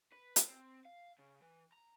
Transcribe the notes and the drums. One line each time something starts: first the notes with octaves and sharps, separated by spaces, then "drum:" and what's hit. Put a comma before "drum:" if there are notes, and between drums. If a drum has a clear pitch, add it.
B4
drum: hi-hat
C4
F5
C#3
E3
A#5